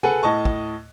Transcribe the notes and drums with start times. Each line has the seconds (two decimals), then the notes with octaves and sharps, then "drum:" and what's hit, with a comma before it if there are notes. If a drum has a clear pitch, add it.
0.03 G#4 A4 B4 F#5 G#5, drum: tom C3
0.23 A2 D#5 A5 C#6
0.45 drum: kick